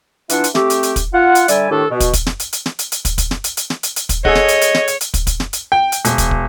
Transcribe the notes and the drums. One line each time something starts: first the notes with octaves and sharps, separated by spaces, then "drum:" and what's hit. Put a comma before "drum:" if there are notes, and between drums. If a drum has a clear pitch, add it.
E3 D4 F4 E5 F#5, drum: hi-hat
drum: hi-hat
A3 C4 G4, drum: snare
drum: hi-hat
drum: hi-hat
drum: kick, hi-hat
F4 F#5
drum: hi-hat
D3 G3 D5 E5 G#5, drum: hi-hat
A2 D#3 D4 G4 A4
B2
drum: kick, hi-hat
drum: kick, hi-hat
drum: snare
drum: hi-hat
drum: hi-hat
drum: snare
drum: hi-hat
drum: hi-hat
drum: kick, hi-hat
drum: kick, hi-hat
drum: snare
drum: hi-hat
drum: hi-hat
drum: snare
drum: hi-hat
drum: hi-hat
drum: kick, hi-hat
G#4 A4 C#5 D#5 F#5, drum: kick
drum: snare
drum: hi-hat
drum: hi-hat
drum: snare
drum: hi-hat
drum: hi-hat
drum: kick, hi-hat
drum: kick, hi-hat
drum: snare
drum: hi-hat
G5
drum: hi-hat
E1, drum: hi-hat
drum: kick, hi-hat
drum: kick